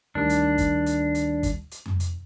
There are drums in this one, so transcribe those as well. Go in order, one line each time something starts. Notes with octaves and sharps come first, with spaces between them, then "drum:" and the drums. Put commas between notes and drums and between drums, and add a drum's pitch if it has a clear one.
D2 D#3 G3 D4
drum: hi-hat
drum: kick, hi-hat
drum: hi-hat
drum: hi-hat
drum: kick, hi-hat
drum: hi-hat
drum: tom F2
drum: hi-hat